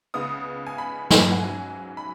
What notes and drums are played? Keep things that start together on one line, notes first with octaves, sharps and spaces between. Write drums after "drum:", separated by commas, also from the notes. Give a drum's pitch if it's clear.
C#2 C#3 B3 D#6
G#5
B5
B5, drum: snare
G#5
F#5
G#2 F#3 C#4 G#5
B5